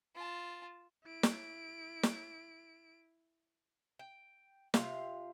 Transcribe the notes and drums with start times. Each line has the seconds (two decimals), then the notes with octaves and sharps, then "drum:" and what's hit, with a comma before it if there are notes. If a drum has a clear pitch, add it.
0.15 F4 A5
1.05 E4 D7
1.23 drum: snare
2.03 drum: snare
3.99 G5
4.74 C3 F4 F5, drum: snare